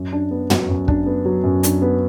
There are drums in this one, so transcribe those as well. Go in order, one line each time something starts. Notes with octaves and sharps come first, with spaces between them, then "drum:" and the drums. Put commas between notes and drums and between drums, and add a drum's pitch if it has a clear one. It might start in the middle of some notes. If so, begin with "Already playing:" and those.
Already playing: F#2
D4
B3
F#3, drum: tom
F#2
D4, drum: kick
B3
F#3
F#2
D4, drum: hi-hat
B3